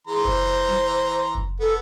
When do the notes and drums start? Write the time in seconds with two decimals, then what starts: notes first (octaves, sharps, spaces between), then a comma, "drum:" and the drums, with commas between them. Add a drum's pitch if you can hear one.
0.07 E3 G#4 A#5 C6
0.25 C5, drum: kick F#1
0.69 drum: snare
1.35 drum: kick F#1
1.60 B3 A4